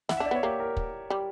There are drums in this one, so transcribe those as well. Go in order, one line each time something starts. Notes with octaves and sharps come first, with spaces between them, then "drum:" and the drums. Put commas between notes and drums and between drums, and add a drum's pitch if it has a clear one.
E4 F#5, drum: snare
E5
D4
D5
B3
C#5
A#3 G4
A#4
drum: kick
G3